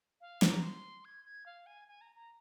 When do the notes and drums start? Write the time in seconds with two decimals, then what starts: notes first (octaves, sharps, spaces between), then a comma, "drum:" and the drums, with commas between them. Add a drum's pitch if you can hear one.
0.21 F5
0.42 A#5, drum: snare
0.62 C6
1.05 G#6
1.25 G#6
1.46 F5
1.66 G#5
1.88 G#5
2.01 A#5
2.16 A#5